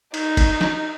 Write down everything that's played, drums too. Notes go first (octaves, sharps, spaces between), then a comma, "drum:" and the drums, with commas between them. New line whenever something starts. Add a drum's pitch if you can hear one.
D#4, drum: cymbal
drum: kick F#1, cymbal
drum: snare